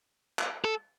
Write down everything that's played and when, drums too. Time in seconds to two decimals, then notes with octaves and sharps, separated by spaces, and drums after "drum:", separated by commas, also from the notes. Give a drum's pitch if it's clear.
0.39 drum: clap
0.64 A4